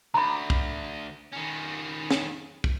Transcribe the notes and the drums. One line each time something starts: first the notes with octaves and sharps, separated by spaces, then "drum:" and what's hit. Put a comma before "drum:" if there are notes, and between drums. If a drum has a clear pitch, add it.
D2 A#5 B5
drum: kick
D#3 C#4
drum: snare
drum: kick